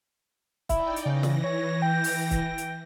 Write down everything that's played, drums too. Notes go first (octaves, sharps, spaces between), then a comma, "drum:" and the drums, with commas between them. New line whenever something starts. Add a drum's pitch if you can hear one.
D#4 E4 D5 G5, drum: kick C#1, hi-hat
drum: hi-hat
C#3 E3 A#6
drum: snare
C#5
G5
drum: open hi-hat
drum: kick C#1, hi-hat
drum: hi-hat